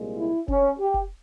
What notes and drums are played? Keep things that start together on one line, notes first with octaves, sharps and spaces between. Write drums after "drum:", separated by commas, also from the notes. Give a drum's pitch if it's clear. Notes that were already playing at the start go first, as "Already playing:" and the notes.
Already playing: C2 A#2 G#3
E4
C#4, drum: kick F1
G4
drum: kick F1